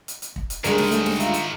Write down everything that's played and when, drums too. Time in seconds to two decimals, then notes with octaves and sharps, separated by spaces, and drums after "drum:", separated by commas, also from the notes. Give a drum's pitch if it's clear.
0.08 drum: hi-hat
0.22 drum: hi-hat
0.36 drum: kick
0.50 drum: hi-hat
0.64 D2 G#2 D#3 G3 G#3 A#4, drum: hi-hat
0.78 drum: snare
0.91 A3 C#4, drum: hi-hat
1.06 drum: snare
1.20 F4 E5 A#5, drum: hi-hat
1.34 drum: hi-hat